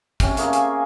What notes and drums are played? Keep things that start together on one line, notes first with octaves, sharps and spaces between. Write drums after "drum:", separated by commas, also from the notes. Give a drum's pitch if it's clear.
C3 C#4, drum: kick, hi-hat
A3 A#3 G#4 A#4, drum: hi-hat
F5 G#5, drum: hi-hat